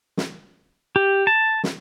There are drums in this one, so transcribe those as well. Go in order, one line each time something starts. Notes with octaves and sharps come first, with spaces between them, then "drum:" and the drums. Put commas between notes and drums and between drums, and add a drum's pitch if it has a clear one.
drum: snare
G4
A5
drum: snare